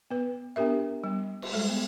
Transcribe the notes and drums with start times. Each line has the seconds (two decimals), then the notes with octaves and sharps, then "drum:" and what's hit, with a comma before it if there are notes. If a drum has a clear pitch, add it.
0.10 B3 B4
0.56 B3 D4 G4 A#4 E5
1.04 G3 B3
1.42 drum: cymbal
1.52 G3 G#3 A4
1.69 B3